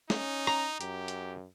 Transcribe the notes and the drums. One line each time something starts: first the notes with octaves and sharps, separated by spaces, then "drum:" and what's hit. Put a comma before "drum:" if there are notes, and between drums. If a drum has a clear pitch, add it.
C#4 D#4, drum: snare
A#5, drum: rim click
F#2 G4, drum: hi-hat
drum: hi-hat